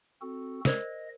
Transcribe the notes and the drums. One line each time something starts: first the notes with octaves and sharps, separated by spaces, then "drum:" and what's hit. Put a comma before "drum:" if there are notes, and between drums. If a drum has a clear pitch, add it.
C4 F#4 A4
A#4 C5 D5 D#5, drum: snare